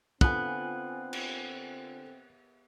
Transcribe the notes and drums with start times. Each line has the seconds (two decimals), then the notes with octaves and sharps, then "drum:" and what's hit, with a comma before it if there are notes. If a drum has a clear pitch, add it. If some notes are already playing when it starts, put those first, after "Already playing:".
0.21 D3 B3 C4 F4 G#5 F#6, drum: kick
1.13 drum: cymbal